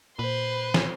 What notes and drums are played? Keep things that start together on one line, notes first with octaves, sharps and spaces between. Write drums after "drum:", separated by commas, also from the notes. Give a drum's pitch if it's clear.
A#2 B4 C5 C6
drum: snare